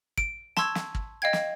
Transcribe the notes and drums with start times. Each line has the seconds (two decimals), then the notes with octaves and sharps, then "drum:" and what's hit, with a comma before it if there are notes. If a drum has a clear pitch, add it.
0.18 D7, drum: kick
0.57 A5 C6 C#6 E6 G#6, drum: snare
0.75 drum: snare
0.95 drum: kick
1.22 D#5 F5 G5 G#6
1.33 drum: snare